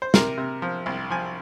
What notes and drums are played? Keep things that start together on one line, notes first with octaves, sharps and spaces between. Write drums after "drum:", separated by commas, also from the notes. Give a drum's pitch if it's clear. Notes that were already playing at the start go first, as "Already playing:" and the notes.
C5
C3 A#4, drum: snare
C3
F3
C2
F3 G#5